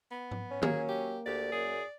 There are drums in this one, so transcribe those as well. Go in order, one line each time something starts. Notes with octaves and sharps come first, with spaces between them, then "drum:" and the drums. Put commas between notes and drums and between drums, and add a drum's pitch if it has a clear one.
B3
drum: tom G#2
C#4
F#3 A#3 G#4, drum: tom D#3
G4
D2 G4 D5
F#2 G#4